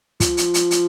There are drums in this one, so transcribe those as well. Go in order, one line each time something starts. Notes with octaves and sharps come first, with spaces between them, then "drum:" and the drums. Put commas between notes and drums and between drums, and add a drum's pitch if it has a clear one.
F3, drum: kick, hi-hat
drum: hi-hat
drum: hi-hat
drum: hi-hat